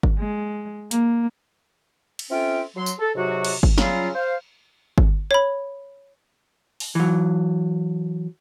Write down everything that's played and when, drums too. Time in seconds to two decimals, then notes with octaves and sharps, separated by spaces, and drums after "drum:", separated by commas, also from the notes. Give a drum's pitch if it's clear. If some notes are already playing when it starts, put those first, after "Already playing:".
0.03 drum: kick G1
0.17 G#3
0.91 A#3, drum: hi-hat
2.19 drum: cymbal
2.30 C4 C#4 F4 A4 E5 G5
2.76 F#3 C6
2.86 drum: tambourine
2.98 A4
3.15 G#2 C3 F#3 F#4
3.45 drum: cymbal
3.63 drum: kick G1
3.78 C#3 F#3 G3 C#4 F4, drum: snare
4.15 C5 F5
4.98 drum: kick G1
5.31 C#5 B5
6.80 drum: open hi-hat
6.95 E3 F#3